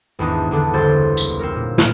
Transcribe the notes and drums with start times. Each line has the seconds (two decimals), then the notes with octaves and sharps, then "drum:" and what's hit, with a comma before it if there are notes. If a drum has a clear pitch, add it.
0.19 G#1 E2 D4 D#4
0.51 E2 D3 D4
0.73 G1 C#2 C5 C6 A6
1.17 drum: tambourine
1.39 C4 C#4 A#4
1.56 A#2
1.78 F6, drum: snare